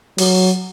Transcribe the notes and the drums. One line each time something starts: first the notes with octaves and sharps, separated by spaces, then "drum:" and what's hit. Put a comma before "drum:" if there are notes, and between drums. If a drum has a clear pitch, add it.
F#3, drum: open hi-hat